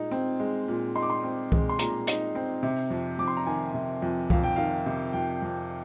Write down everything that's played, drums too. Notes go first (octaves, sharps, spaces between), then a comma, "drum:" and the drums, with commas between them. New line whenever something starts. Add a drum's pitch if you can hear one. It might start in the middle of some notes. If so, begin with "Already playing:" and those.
Already playing: A#2 G#3 D#4
C4
G#3
A#2
D#4 C6
D6
C6
C4
G#3, drum: kick C2
C6
A#2 A#5, drum: hi-hat
D#4, drum: hi-hat
C4
C3
F2
F2 D6
C6
A#5
D#3 G#5
C3
F2
F2 F5, drum: kick C2
G5
D#3 F5
C3
F2 G5
F2